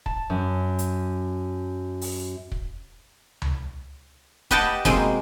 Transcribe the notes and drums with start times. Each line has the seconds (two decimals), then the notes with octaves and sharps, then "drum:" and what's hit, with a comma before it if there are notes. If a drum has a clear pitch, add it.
0.06 A5, drum: kick
0.30 F#2
0.79 drum: hi-hat
2.01 drum: open hi-hat
2.52 drum: kick
3.42 drum: tom C#2
4.51 G4 B4 D#5 F#5 G5 A5, drum: kick
4.85 B2 G#3 A#3 C4, drum: snare